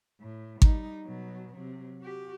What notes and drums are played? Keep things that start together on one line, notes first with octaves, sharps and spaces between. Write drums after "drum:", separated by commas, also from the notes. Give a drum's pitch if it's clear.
A2
G3 D#4, drum: kick G#1
B2 F#3
C3 F#3
F#4 G4